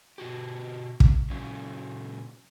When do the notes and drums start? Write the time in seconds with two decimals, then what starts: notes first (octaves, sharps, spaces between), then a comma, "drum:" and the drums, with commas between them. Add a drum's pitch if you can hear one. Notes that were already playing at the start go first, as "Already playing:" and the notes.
0.18 B2 F#4 G4
1.00 drum: kick
1.30 A#2 C#3 F#3